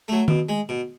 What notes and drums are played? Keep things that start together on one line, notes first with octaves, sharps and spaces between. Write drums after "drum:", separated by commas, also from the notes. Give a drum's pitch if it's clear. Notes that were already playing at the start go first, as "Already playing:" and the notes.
F#3 A3
B2, drum: tom D#3
G#3
B2